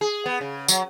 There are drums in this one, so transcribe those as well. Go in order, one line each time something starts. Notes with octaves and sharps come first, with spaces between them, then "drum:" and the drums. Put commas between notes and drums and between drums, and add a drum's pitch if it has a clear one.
G#4
B3
C#3
F#3, drum: tambourine